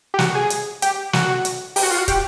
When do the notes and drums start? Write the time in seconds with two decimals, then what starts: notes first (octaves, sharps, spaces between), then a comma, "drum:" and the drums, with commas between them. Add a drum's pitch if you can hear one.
0.14 G4
0.19 F#4, drum: snare
0.35 G#4
0.50 drum: hi-hat
0.82 G4, drum: hi-hat
1.13 F#4, drum: snare
1.45 drum: hi-hat
1.76 G4, drum: open hi-hat
1.83 F#4
1.91 F4
1.98 F#4
2.08 G4, drum: kick, hi-hat